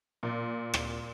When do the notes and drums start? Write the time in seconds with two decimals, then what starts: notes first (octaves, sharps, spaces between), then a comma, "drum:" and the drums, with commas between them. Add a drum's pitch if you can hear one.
0.23 A#2
0.74 drum: rim click